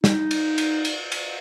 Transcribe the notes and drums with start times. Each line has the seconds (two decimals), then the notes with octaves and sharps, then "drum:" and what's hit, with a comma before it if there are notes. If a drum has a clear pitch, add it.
0.04 D#4, drum: snare
0.31 drum: cymbal
0.58 drum: cymbal
0.85 drum: cymbal
1.12 drum: cymbal